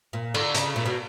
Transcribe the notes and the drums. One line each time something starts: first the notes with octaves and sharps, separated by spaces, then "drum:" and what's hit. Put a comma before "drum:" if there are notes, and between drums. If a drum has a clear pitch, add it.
A#2
D3, drum: cymbal
C#3, drum: hi-hat
A#2
B2